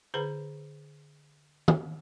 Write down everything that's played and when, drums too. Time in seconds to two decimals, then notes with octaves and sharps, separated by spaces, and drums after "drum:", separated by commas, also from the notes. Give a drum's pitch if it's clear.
0.14 D3 G#4 B4 C5 A#5 B5
1.68 drum: tom